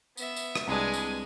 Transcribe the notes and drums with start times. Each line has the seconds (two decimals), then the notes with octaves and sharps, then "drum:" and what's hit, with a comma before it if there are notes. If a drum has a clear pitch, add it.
0.17 B3 E5, drum: tambourine
0.36 drum: tambourine
0.55 drum: rim click
0.68 C2 G#3 D4 B4 G#5
0.94 drum: tambourine